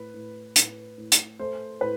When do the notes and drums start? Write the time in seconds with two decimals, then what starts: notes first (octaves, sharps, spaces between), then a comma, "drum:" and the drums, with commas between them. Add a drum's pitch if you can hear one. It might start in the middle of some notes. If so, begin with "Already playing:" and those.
Already playing: A2 B4
0.14 A2
0.56 A2, drum: hi-hat
0.98 A2
1.12 drum: hi-hat
1.39 A3 C5
1.81 A2 B4